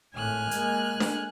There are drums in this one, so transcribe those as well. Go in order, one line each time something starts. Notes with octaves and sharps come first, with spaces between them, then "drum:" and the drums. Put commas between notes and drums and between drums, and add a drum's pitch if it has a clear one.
G#1 A2 G#5 F6 F#6
G#3 A#3, drum: hi-hat
drum: snare D4